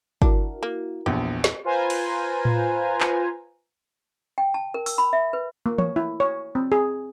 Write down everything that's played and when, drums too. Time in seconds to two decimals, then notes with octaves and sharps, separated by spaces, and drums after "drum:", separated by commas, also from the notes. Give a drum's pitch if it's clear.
0.22 D4 E4 F#4 A#4, drum: kick
0.63 A#3
1.06 A#1 E2 G4
1.44 drum: snare
1.64 F4 B4 C5 G#5 A#5
1.90 drum: cymbal
2.45 drum: tom A2
3.00 drum: clap
4.38 G5
4.54 A5
4.74 A#4
4.86 E6, drum: open hi-hat
4.98 B5
5.13 E5
5.33 B4
5.66 A#3
5.78 C#5, drum: tom E3
5.96 E4
6.20 C#5
6.55 C4
6.72 G#4